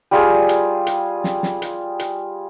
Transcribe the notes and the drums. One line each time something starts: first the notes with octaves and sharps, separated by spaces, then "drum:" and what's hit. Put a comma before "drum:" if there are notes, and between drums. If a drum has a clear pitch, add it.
G3 F4 G#4
drum: hi-hat
drum: hi-hat
drum: snare
drum: snare
drum: hi-hat
drum: hi-hat